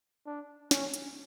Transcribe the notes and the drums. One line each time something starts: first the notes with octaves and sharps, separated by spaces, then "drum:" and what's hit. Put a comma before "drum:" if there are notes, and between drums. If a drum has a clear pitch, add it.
D4
C#4, drum: snare
drum: hi-hat